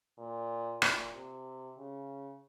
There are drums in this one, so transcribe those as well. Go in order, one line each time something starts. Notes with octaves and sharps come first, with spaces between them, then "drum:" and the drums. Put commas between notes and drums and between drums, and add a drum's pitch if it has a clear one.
A#2
A#2, drum: rim click
C3
C#3